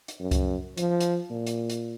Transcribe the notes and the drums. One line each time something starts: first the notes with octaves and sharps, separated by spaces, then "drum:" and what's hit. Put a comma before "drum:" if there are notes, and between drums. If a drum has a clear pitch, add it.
drum: hi-hat
F#2
drum: kick C2, hi-hat
F3, drum: hi-hat
drum: hi-hat
A#2
drum: hi-hat
drum: hi-hat